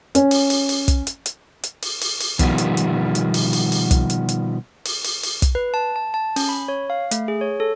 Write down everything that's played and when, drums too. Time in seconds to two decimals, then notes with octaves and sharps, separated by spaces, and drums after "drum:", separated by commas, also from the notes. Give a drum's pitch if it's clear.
0.15 C#4, drum: hi-hat
0.31 drum: open hi-hat
0.50 drum: open hi-hat
0.69 drum: open hi-hat
0.88 drum: kick, hi-hat
1.07 drum: hi-hat
1.26 drum: hi-hat
1.63 drum: hi-hat
1.82 drum: open hi-hat
2.01 drum: open hi-hat
2.20 drum: open hi-hat
2.39 B2 D#3 F3 G3 A#3 B3, drum: kick, hi-hat
2.58 drum: hi-hat
2.77 drum: hi-hat
3.15 drum: hi-hat
3.34 drum: open hi-hat
3.53 drum: open hi-hat
3.72 drum: open hi-hat
3.91 drum: kick, hi-hat
4.10 drum: hi-hat
4.29 drum: hi-hat
4.85 drum: open hi-hat
5.04 drum: open hi-hat
5.23 drum: open hi-hat
5.42 drum: kick, hi-hat
5.55 B4
5.74 A5
5.96 A5
6.14 A5
6.36 C#4, drum: open hi-hat
6.49 B5
6.68 C#5
6.90 F5
7.11 A3, drum: hi-hat
7.28 G#4
7.41 C#5
7.60 A4